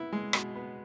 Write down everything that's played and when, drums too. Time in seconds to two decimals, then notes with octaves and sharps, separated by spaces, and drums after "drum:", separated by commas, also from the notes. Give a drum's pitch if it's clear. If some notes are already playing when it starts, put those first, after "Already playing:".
Already playing: B3 E4
0.13 G#3
0.33 B2, drum: rim click
0.55 B3